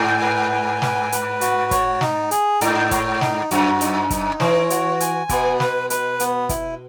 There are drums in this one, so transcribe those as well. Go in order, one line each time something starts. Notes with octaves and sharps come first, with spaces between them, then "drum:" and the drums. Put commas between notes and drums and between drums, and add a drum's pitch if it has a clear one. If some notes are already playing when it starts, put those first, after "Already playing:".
Already playing: G#2 G#5
B4
G#5
B4, drum: snare
B4, drum: hi-hat
F#4, drum: hi-hat
C#5, drum: kick, hi-hat
D#4, drum: snare
G#4, drum: hi-hat
G#2 D#4, drum: hi-hat
C#5, drum: kick, hi-hat
D#4, drum: snare
F#2 F#4, drum: hi-hat
D#4, drum: hi-hat
D#4, drum: kick, hi-hat
E3 C#5, drum: snare
F#4, drum: hi-hat
G#5, drum: hi-hat
B2 B3, drum: kick, hi-hat
B4, drum: snare
B4, drum: hi-hat
B3, drum: hi-hat
E4, drum: kick, hi-hat